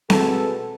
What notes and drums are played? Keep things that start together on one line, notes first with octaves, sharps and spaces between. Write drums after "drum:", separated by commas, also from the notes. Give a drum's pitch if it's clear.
B2 G#3 B3 A4, drum: snare C4